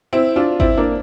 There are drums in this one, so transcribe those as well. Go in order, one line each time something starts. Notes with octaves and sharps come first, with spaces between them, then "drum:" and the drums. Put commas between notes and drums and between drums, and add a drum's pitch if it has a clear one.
C4 E4
D4 F4
C4 E4, drum: kick G#1
A#3 D4